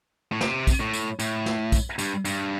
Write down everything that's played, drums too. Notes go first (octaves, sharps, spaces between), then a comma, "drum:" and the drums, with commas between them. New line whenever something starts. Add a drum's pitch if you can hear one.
A2
C3, drum: snare
drum: kick, tambourine
A2
drum: tambourine
A2, drum: tambourine
drum: snare
drum: kick, tambourine
G2, drum: tambourine
G2, drum: tambourine